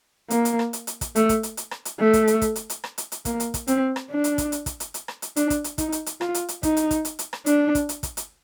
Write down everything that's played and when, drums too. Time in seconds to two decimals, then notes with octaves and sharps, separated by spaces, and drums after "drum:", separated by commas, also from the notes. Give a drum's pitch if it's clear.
0.30 A#3, drum: hi-hat
0.45 drum: hi-hat
0.59 drum: rim click
0.73 drum: hi-hat
0.87 drum: hi-hat
1.01 drum: kick, hi-hat
1.16 A3, drum: hi-hat
1.29 drum: kick, hi-hat
1.43 drum: hi-hat
1.57 drum: hi-hat
1.71 drum: rim click
1.85 drum: hi-hat
1.99 A3
2.13 drum: kick, hi-hat
2.27 drum: hi-hat
2.41 drum: kick, hi-hat
2.56 drum: hi-hat
2.70 drum: hi-hat
2.84 drum: rim click
2.98 drum: hi-hat
3.12 drum: hi-hat
3.25 A#3, drum: kick, hi-hat
3.40 drum: hi-hat
3.54 drum: kick, hi-hat
3.67 C4, drum: hi-hat
3.96 drum: rim click
4.10 D4
4.24 drum: hi-hat
4.38 drum: kick, hi-hat
4.52 drum: hi-hat
4.66 drum: kick, hi-hat
4.80 drum: hi-hat
4.94 drum: hi-hat
5.08 drum: rim click
5.22 drum: hi-hat
5.36 D4, drum: hi-hat
5.50 drum: kick, hi-hat
5.64 drum: hi-hat
5.78 D#4, drum: kick, hi-hat
5.92 drum: hi-hat
6.06 drum: hi-hat
6.21 F4, drum: rim click
6.34 drum: hi-hat
6.49 drum: hi-hat
6.63 D#4, drum: kick, hi-hat
6.77 drum: hi-hat
6.91 drum: kick, hi-hat
7.05 drum: hi-hat
7.19 drum: hi-hat
7.33 drum: rim click
7.46 D4, drum: hi-hat
7.75 drum: kick, hi-hat
7.89 drum: hi-hat
8.03 drum: kick, hi-hat
8.17 drum: hi-hat